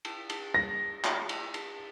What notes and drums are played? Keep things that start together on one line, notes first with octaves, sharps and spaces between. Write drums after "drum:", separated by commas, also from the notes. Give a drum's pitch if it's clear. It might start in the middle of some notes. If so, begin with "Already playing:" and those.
drum: cymbal
drum: cymbal
A#6
drum: clap
drum: cymbal
drum: cymbal